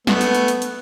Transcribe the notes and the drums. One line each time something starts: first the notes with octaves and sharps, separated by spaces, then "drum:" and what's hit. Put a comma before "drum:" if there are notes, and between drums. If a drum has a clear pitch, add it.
A3 B3, drum: snare
drum: hi-hat
drum: hi-hat
drum: hi-hat
drum: hi-hat